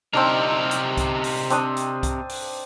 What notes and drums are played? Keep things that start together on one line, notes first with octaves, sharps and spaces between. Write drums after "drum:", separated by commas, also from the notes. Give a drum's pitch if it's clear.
C3 C4 D4 D#4 A#4
drum: hi-hat
drum: kick C2, hi-hat
drum: open hi-hat
C4 D4 D#6, drum: hi-hat
drum: hi-hat
drum: kick C2, hi-hat
drum: open hi-hat